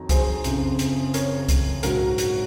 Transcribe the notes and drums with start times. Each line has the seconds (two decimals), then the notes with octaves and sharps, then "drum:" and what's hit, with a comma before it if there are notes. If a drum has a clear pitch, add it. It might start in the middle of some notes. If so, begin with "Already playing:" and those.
Already playing: F2 D#3 F#3 A#5
0.09 G#4 C5, drum: kick C2, hi-hat
0.44 F#1 F2 C#3, drum: hi-hat
0.79 drum: hi-hat
1.14 A#4 C#5, drum: hi-hat
1.49 drum: kick C2, hi-hat
1.83 A#1 G#2 F#3 F#4 A#4, drum: hi-hat
2.18 F#4, drum: hi-hat